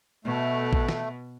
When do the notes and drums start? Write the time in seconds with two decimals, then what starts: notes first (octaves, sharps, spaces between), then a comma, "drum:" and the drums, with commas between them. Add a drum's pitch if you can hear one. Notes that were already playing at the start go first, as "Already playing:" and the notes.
0.25 B2 A3
0.73 drum: kick A#1
0.89 drum: snare